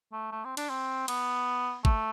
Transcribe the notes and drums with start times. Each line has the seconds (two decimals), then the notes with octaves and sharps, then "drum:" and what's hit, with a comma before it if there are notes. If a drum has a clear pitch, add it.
0.13 A3
0.32 A3
0.45 C4
0.57 D4, drum: cymbal
0.70 C4
1.08 B3, drum: cymbal
1.85 A3, drum: kick